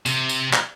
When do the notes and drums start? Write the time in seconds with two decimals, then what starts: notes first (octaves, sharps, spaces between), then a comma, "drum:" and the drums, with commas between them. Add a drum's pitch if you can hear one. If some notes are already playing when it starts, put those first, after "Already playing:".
0.06 C3, drum: tambourine
0.29 drum: tambourine
0.53 drum: clap